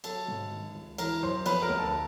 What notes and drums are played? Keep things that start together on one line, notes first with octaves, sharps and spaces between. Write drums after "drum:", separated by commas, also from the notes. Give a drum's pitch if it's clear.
F#3 A4 A5, drum: cymbal
G#2
D#3
C#2
E3 A#4 A#5, drum: cymbal
F#2 C5 C6
F3 B4 B5, drum: cymbal
A#4 A#5
D2
A4 A5